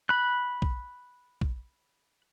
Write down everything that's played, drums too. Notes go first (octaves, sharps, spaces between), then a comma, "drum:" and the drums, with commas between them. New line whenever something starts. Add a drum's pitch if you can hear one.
B5 F#6
drum: kick
drum: kick